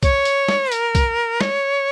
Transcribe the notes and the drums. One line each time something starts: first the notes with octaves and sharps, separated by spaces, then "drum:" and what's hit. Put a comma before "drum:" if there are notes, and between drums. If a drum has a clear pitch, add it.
C#5, drum: kick, hi-hat
drum: hi-hat
drum: snare
A#4, drum: hi-hat
drum: kick, hi-hat
C#5, drum: snare